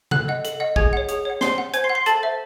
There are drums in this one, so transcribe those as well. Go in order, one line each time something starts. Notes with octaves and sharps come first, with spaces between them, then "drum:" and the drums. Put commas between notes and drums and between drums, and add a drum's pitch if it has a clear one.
A4 F#5 F#6, drum: tom C3
D#5 F#5
A4, drum: hi-hat
D#5 F#5
G#4 G#5 G#6, drum: kick
C#5 F#5
G#4, drum: hi-hat
C#5 F#5
C5 C6 C7, drum: snare
F#5
C5 G#5 G#6, drum: hi-hat
C6 C7
F#5
C6 C7
A4 A5 A6, drum: hi-hat
C5 E5